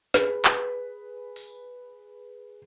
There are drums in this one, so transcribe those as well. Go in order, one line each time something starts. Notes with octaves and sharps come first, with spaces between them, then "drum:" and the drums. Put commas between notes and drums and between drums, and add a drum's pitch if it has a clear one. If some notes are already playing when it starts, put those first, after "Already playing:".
G#4 B4, drum: snare
drum: clap
drum: open hi-hat